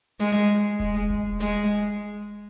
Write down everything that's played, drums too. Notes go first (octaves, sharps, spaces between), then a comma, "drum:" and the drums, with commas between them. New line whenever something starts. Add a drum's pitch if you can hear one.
G#3, drum: snare
G#3, drum: kick E1
drum: kick E1
G#3, drum: snare